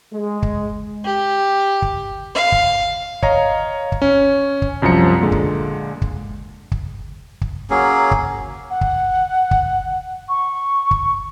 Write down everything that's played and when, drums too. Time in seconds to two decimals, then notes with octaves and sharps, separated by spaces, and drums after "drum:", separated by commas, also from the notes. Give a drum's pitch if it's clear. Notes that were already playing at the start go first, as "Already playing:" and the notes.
0.12 G#3
0.43 drum: kick
1.06 G4
1.82 drum: kick
2.35 F5
2.52 drum: kick
3.23 C#5 D#5 F5 A#5, drum: kick
3.92 drum: kick
4.02 C#4
4.62 drum: kick
4.82 C2 F#2 F3 A#5 C#7
5.21 A#2 D3 G#3
5.32 drum: kick
6.02 drum: kick
6.72 drum: kick
7.41 drum: kick
7.70 F#3 A#3 C#4 G#4
8.11 drum: kick
8.70 F#5
8.81 drum: kick
9.51 drum: kick
10.29 C#6
10.91 drum: kick